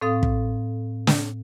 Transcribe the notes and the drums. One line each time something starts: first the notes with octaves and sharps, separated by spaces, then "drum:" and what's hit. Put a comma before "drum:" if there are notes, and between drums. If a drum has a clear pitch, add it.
A2 C4 A4 F5 D#6
drum: kick
drum: snare